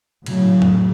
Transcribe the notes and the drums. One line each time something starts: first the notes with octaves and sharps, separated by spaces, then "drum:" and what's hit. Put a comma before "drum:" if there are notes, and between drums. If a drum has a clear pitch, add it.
A2 C#3 F#3, drum: cymbal
drum: tom F2